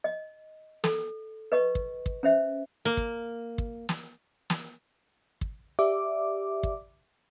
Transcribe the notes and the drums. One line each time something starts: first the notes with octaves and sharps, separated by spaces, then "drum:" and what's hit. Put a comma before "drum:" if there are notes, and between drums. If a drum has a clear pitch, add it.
D#5
A4, drum: snare
B4 D#5 C#6
drum: kick
drum: kick
C#4 C5 E5
A#3
drum: kick
drum: kick
drum: snare
drum: snare
drum: kick
G4 D5 E5 D6
drum: kick